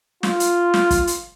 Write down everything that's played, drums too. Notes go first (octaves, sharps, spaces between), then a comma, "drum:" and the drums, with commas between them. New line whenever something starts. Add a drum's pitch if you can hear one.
F4, drum: snare
drum: hi-hat
drum: snare
drum: kick, hi-hat
drum: hi-hat